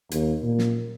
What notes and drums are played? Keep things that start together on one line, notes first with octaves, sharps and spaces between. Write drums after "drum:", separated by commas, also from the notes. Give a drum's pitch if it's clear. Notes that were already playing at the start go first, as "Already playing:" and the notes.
D#2, drum: hi-hat
A#2
drum: snare